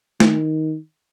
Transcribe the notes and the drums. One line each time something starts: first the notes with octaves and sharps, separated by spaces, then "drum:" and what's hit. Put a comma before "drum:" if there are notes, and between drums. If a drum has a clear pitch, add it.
D#3, drum: snare